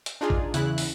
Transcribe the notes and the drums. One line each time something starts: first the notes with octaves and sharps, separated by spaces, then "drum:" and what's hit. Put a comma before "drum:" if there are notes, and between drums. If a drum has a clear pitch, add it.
drum: hi-hat
D4 D#4 F4 G#4
drum: kick A1
E2 C#3 E4 F#6, drum: hi-hat
drum: open hi-hat